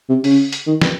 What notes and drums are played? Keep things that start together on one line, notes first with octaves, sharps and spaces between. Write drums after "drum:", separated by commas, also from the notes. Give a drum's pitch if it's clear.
C3
C#3, drum: open hi-hat
drum: hi-hat
D#3
drum: snare